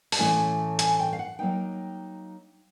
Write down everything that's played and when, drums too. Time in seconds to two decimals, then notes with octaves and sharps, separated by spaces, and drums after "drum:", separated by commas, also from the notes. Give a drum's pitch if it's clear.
0.12 A5, drum: open hi-hat
0.19 A2 E3 A3 C#4 E4 G#5
0.79 G#5, drum: hi-hat
0.99 G5
1.13 F5
1.19 F#5
1.39 F#3 A#3 D#4 G5